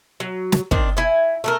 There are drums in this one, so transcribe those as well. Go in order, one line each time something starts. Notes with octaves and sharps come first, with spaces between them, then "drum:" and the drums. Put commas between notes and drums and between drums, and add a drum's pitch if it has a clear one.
F#3
drum: snare
D#3 C4 D4, drum: kick
E4 G#5
A3 A4 A#4